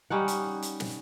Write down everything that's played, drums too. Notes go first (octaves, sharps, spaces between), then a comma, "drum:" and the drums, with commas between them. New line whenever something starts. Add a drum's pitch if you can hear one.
G3 C#4 D#4 F#5
drum: hi-hat
drum: hi-hat
drum: snare